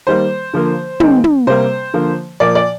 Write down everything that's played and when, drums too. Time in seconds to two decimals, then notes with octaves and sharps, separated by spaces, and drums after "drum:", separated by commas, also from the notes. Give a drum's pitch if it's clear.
0.07 D#3 G3 A#3 C5
0.54 D3 F3 A#3
1.00 D#3 G#3 C4, drum: tom
1.24 drum: tom
1.47 C3 G3 A#3 C5
1.94 D3 F3 A#3
2.40 A#2 F3 A#3 D5
2.55 D5